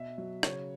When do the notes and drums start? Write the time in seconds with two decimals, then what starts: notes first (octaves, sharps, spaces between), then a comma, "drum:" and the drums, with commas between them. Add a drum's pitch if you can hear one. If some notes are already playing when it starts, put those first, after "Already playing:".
Already playing: B2 E5
0.18 F#3
0.43 C#3 C#5, drum: rim click